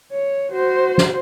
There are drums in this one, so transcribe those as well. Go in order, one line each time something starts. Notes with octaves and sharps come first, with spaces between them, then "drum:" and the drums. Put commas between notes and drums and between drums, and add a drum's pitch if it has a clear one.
C#5
F#4 C5
drum: snare